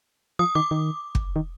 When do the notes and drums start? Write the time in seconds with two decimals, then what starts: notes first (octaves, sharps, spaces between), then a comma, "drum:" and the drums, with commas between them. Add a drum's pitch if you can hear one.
0.39 F3 D#6
0.55 D#3 D6
0.71 D#3
1.15 drum: kick
1.36 D#3